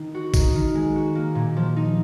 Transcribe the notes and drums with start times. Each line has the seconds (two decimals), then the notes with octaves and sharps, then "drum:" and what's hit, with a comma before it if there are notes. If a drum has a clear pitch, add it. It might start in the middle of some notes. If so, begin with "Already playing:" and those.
Already playing: D#3 D#4
0.14 F#4
0.34 D#4, drum: kick, tambourine
0.55 D#3
0.75 G#3
0.96 F#4
1.15 A#3
1.35 A#2
1.57 F3
1.76 D#4